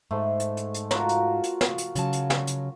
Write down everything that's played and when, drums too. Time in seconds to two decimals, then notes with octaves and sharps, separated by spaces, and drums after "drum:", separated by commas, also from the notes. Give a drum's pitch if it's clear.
0.11 G#2 A3 C5
0.40 drum: hi-hat
0.57 drum: hi-hat
0.74 drum: hi-hat
0.91 F4 F#4 A#4, drum: snare
1.09 drum: hi-hat
1.44 drum: hi-hat
1.61 drum: snare
1.78 drum: hi-hat
1.95 C#3 F#3 A5, drum: hi-hat
2.13 drum: hi-hat
2.30 drum: snare
2.47 drum: hi-hat